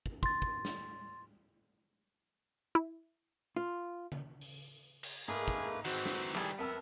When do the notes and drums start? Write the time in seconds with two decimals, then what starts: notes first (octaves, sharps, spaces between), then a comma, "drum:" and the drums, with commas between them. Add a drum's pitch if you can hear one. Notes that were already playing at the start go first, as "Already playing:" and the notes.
0.06 drum: kick
0.23 C6 A6, drum: kick
0.42 drum: kick
0.65 drum: snare
2.75 E4
3.56 F4
4.12 drum: tom C#3
4.41 drum: open hi-hat
5.03 drum: cymbal
5.28 G#2 A3 A#3 G#4 A#4 B4
5.48 drum: kick
5.85 D#3 E3 C4 F#4 F#5, drum: cymbal
6.06 drum: snare
6.36 G3 G#4 A4 G5 G#5, drum: clap
6.59 F2 B3 A#4 E5 A5 E6